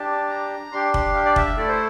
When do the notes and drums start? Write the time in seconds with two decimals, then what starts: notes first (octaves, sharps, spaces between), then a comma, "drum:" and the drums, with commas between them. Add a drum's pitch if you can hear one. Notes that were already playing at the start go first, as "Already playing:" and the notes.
Already playing: D4 G4 A5
0.30 A#5
0.72 D4 G4 C6
0.94 C6, drum: kick F1
1.14 F5
1.25 D5
1.36 E5, drum: kick F1
1.57 A3 E4 A4 D5
1.68 C5